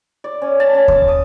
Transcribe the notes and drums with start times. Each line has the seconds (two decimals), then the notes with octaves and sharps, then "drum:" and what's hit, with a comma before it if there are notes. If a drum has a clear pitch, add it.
0.24 D5
0.42 C#4
0.60 A5
0.74 C#4
0.88 drum: kick D#2
1.08 D#6